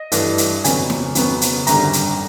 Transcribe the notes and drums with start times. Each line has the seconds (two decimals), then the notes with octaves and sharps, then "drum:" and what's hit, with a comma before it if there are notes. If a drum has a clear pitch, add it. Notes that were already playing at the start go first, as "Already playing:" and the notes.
Already playing: D#5
0.12 G2 E3 A3 D4, drum: hi-hat
0.38 drum: hi-hat
0.64 F2 C#3 F#3 B3 G#5, drum: hi-hat
0.90 drum: snare
1.15 F2 C#3 F#3 B3, drum: hi-hat
1.41 drum: hi-hat
1.67 G#1 F#2 D3 G3 A#5, drum: hi-hat
1.93 drum: hi-hat